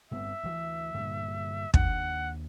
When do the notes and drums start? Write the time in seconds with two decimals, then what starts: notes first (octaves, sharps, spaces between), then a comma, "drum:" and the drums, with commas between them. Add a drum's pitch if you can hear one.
0.11 G2 B3 C4 E5
0.43 D2 E3
0.94 G2 A#2 D3
1.74 D#2 D4 F#5, drum: kick